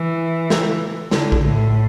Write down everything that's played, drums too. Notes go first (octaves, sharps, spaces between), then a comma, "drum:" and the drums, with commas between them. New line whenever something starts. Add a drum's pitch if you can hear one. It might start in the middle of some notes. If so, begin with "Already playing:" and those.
Already playing: E3
drum: snare
D3, drum: snare
drum: kick A#1
A2